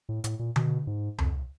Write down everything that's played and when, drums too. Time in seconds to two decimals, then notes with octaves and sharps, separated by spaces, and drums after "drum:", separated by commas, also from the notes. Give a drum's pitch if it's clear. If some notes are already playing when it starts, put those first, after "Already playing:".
0.09 A2
0.24 A2, drum: hi-hat
0.39 A#2
0.56 B2, drum: tom D3
0.87 G#2
1.18 F2, drum: tom C#2